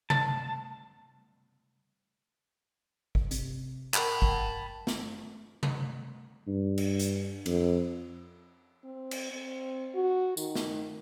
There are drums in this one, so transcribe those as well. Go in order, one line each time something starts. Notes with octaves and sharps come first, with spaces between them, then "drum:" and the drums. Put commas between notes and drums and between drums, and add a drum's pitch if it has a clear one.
A5, drum: tom C3
drum: kick
C3, drum: hi-hat
A#4 F#5 G5 A5 B5, drum: clap
drum: kick
drum: snare
drum: tom C3
G2
drum: cymbal
drum: hi-hat
F2, drum: cymbal
C4
drum: cymbal
C4
F#4
D#3, drum: tambourine
drum: snare